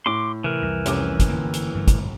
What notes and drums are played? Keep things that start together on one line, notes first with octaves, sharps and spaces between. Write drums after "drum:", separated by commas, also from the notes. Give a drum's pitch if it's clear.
A2 C6 D6
C3 E3 A#4
C2 F2
F1 C#4 D6, drum: hi-hat
drum: kick, hi-hat
D3 A#3
drum: hi-hat
G2 D3 A3
drum: kick, hi-hat